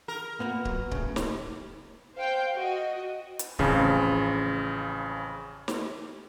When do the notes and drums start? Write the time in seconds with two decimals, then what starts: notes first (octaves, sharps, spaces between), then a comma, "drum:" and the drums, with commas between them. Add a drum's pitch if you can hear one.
0.08 A#4
0.40 A#2 A#3 B3
0.65 F#3, drum: kick D1
0.91 A2 C#3, drum: kick D1
1.16 drum: snare
2.14 C5 F5 G5
2.54 F#4 D#5
3.39 drum: hi-hat
3.59 A1 F2 C#3, drum: kick D1
5.68 drum: snare